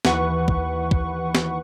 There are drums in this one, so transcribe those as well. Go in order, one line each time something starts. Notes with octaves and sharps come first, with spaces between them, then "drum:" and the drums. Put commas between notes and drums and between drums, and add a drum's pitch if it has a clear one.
D#2 E3 B4 F#5 C#6, drum: snare
drum: kick
drum: kick
drum: snare